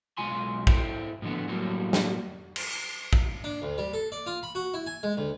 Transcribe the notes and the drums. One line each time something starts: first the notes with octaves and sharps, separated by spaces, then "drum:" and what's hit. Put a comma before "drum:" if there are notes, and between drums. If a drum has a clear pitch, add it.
B1 G#3 F4 G#5 C6
E4 A4 C5 G5, drum: kick
A2 D3 F3 A3 B3
A2 F#3 G3 A3 A#3
drum: snare
drum: cymbal
drum: kick
D4
D2
G3
A4
D5
F4
B5
F#4
E4
G#5
G#3
D2